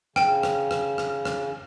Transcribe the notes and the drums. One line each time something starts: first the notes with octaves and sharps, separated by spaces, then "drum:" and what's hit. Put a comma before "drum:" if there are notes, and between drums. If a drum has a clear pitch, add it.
C#3 G5, drum: rim click
drum: rim click
drum: rim click
drum: rim click
drum: rim click